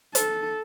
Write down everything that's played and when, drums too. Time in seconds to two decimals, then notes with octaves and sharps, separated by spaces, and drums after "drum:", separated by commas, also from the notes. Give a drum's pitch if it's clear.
0.15 A4, drum: hi-hat